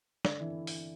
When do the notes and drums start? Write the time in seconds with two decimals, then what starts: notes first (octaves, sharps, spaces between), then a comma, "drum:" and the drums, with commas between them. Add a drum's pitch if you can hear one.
0.25 D3 D4 D5, drum: snare
0.40 E3 E4
0.67 drum: open hi-hat